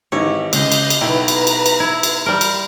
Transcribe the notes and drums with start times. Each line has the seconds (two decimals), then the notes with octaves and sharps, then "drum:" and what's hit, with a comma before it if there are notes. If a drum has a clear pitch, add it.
0.12 G#1 E3 D#4 G4 C#5
0.53 C#2 D#5 G6 C7, drum: cymbal
0.72 drum: cymbal
0.90 drum: cymbal
1.01 B1 E4 B4 G5 A#5
1.28 drum: cymbal
1.47 drum: cymbal
1.66 drum: cymbal
1.80 E4 G#6
2.03 drum: cymbal
2.26 G3 A#4
2.41 drum: cymbal